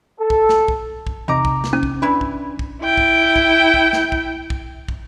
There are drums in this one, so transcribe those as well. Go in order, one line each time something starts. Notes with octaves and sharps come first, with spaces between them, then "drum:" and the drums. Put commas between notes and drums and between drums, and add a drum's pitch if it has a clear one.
A4
drum: kick
drum: snare
drum: kick
drum: kick
E2 C3 D#4 A#5 D6
drum: kick
drum: snare
C#4
drum: kick
E3 D4 E4 B4
drum: kick
drum: kick
E4 G5
drum: kick
drum: kick
drum: kick
drum: snare
drum: kick
drum: kick
drum: kick